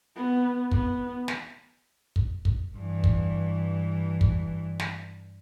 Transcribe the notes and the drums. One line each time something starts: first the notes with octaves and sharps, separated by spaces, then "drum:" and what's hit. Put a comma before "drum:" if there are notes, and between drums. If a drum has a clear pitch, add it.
B3
B3, drum: kick
drum: snare
drum: kick
drum: kick
G2 E3
drum: kick
drum: kick
drum: snare